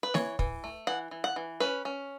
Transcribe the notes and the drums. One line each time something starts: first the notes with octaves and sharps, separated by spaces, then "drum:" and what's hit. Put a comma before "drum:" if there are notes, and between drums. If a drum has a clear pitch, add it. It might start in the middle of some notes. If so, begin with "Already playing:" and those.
B4
E3 C#5, drum: snare
E3, drum: kick
A3
E3 F#5
E3
F#5
E3
C#4 B4
C#4